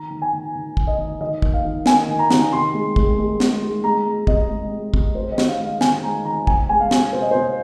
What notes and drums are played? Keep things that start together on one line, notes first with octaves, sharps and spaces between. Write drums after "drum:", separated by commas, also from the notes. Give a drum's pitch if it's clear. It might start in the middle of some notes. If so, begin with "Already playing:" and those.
Already playing: D#3 A#5
D#3
G#5
D#3
D#3
D#3, drum: kick
D#5
D#3
D#3 D#5
A#3, drum: kick
F5
D#3
A#3 G#5, drum: snare
D#3
A#5
D#3, drum: snare
C3 C6
G#3
G#3, drum: kick
G#3
G#3, drum: snare
G#3
G#3 A#5
G#3
C3 D#5, drum: kick
G#3
G#3
C3, drum: kick
G#3 C5
D#5
D#3, drum: snare
F5
G#3
F5
D#3 G#5, drum: snare
G#3 A#5
D#3 A#5
C3 G#5, drum: kick
G#3 G#5
F5
C3, drum: snare
C3 C5
D#5
C3 C5